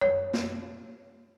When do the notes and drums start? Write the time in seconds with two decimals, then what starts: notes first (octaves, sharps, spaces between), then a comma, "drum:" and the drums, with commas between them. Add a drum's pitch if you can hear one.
0.01 C#5, drum: tom F#2
0.33 drum: snare